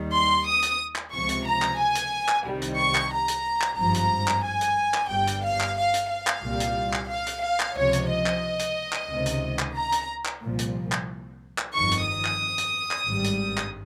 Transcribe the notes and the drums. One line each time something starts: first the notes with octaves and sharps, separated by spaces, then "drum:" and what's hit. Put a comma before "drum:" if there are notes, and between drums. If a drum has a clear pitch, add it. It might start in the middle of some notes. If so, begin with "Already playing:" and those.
Already playing: D#2 D#3 G3
C6
D#6
drum: hi-hat
drum: clap
C#2 C3 F3 C#6
drum: hi-hat
A#5
drum: clap
G#5
drum: hi-hat
drum: clap
C2 C3 D#3 G3
drum: hi-hat
C#6
drum: clap
A#5
drum: hi-hat
drum: clap
G#1 G2 F3 A#5
drum: hi-hat
drum: clap
G#5
drum: hi-hat
drum: clap
G1 G2 G3 G5
drum: hi-hat
F5
drum: clap
F5
drum: hi-hat
F5
drum: clap
C2 A#2 G3
drum: hi-hat
drum: clap
F5
drum: hi-hat
F5
drum: clap
C#2 C3 F3 C#5
drum: hi-hat
D#5
drum: clap
drum: hi-hat
drum: clap
C#2 C3 D#3
drum: hi-hat
drum: clap
A#5
drum: hi-hat
drum: clap
C2 A#2 F3
drum: hi-hat
drum: clap
drum: clap
G1 F2 D#3 C#6
drum: hi-hat
D#6
drum: clap
drum: hi-hat
drum: clap
G#1 G2 G3
drum: hi-hat
drum: clap